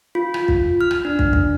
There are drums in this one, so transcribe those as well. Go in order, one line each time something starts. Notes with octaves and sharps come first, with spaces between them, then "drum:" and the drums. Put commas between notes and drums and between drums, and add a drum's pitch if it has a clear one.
F4
drum: rim click
drum: kick
F6
drum: rim click
D4
drum: kick
drum: kick